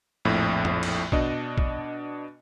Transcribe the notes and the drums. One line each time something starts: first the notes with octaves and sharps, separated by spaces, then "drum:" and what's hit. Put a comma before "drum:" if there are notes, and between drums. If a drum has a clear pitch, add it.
A#1 F2 A2
drum: tom F2
drum: cymbal
B2 D4 D#5, drum: kick A#1
drum: kick A#1